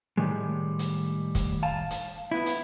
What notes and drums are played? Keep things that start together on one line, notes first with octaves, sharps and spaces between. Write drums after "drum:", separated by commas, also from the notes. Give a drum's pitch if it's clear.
A2 D#3 G3 G#3
drum: hi-hat
drum: kick, hi-hat
F5 A5
drum: hi-hat
B3 E4
drum: hi-hat